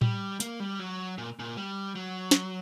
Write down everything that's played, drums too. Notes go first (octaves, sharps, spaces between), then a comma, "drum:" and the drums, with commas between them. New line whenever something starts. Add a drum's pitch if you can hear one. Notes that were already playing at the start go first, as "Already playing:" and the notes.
G3, drum: tom A2
A#3, drum: hi-hat
G3
F#3
A#2
A#2
G3
F#3
drum: snare